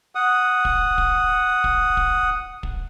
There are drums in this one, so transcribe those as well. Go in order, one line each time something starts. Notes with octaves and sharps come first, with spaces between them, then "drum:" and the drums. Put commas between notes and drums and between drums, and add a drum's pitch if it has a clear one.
F#5 D#6
drum: kick
drum: kick
drum: kick
drum: kick
drum: kick